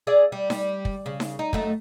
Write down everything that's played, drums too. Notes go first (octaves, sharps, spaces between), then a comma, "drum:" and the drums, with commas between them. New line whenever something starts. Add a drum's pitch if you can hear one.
G#4 D5 E5
G3
G3, drum: snare D#4
drum: kick
C#3
drum: snare D#4
D#4
F#2 A3 D#4, drum: kick